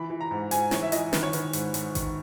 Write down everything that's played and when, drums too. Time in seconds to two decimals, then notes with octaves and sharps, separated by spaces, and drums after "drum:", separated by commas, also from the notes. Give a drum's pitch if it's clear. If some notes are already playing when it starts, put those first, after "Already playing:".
Already playing: E3 B5
0.10 E3
0.21 A#5
0.31 G#2
0.51 G#2 G#5, drum: hi-hat
0.71 E3 C#5, drum: snare
0.83 E5
0.92 E3 D#5, drum: hi-hat
1.13 D#3 B4, drum: snare
1.23 C#5
1.33 D#3 B4, drum: hi-hat
1.53 G#2, drum: hi-hat
1.74 G#2, drum: hi-hat
1.95 D#3, drum: kick A1, hi-hat